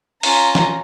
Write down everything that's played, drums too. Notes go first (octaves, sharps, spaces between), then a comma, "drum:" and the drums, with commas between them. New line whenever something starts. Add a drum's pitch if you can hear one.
C#4 F4 A#5, drum: open hi-hat
drum: snare